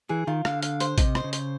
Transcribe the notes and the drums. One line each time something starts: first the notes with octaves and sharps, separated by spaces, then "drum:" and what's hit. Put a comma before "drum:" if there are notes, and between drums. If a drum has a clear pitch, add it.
E3 G#4
D#3 F4
D3 F5, drum: rim click
F5, drum: hi-hat
C5, drum: hi-hat
C3 D#5, drum: kick A1, hi-hat
C5, drum: rim click
C#3
C5, drum: hi-hat